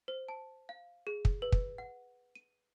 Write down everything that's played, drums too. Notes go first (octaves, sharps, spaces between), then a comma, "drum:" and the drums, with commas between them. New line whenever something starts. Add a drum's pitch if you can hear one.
C5
A5
F5
G#4
drum: kick
B4
drum: kick
F#5
D#7